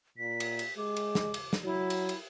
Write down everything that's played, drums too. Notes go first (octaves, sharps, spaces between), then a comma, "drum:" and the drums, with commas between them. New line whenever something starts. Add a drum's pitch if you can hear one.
A#2 B6
drum: cymbal
drum: cymbal
G#3 D6
drum: cymbal
drum: snare
drum: cymbal
drum: snare
F#3 E4
drum: cymbal
drum: cymbal